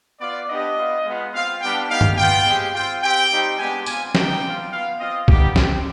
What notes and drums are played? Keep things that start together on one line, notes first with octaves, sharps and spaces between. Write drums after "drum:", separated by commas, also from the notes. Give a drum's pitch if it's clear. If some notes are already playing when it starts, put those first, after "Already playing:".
B3 F4 D5
B3 D4 G4 D#5
B3 F4
G#3 B3 F4
C4 F4 F5
G3 B3 D4 G4 G5
B3 D#4 G4 F5
drum: tom G2
B3 F4 G5
G#3 C4 G4
C4 F4 G5
C4 G4 G5
G3 C4 D#4 G4
G#3 B3 D4 G4 G#5
C4 F4 G#5, drum: tambourine
G3 B3 D#4 G4 G5, drum: snare
C4 F4
B3 F4 F5
C4 F4 D#5
G3 B3 D#4 G4, drum: kick B1
C4 G4, drum: snare